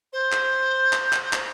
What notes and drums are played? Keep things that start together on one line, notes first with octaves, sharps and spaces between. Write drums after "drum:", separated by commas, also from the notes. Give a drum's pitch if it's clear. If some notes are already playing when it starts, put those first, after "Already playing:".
C5
drum: clap
drum: clap
drum: clap
drum: clap